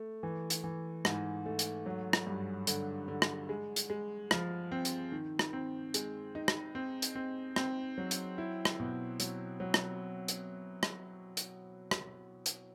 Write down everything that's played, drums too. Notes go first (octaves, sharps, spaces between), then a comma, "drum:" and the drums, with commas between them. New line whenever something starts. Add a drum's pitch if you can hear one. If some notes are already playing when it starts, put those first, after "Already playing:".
Already playing: A3
E3
drum: hi-hat
E3
G#2, drum: rim click
A3
drum: hi-hat
F#3
drum: rim click
G2
D3, drum: hi-hat
D3
drum: rim click
G#3
drum: hi-hat
G#3
F3, drum: rim click
C4
drum: hi-hat
D#3
drum: rim click
C4
G#3, drum: hi-hat
D#4
drum: rim click
C4
drum: hi-hat
C4
C4, drum: rim click
F#3
drum: hi-hat
E4
drum: rim click
B2
F#3, drum: hi-hat
F#3
drum: rim click
drum: hi-hat
drum: rim click
drum: hi-hat
drum: rim click
drum: hi-hat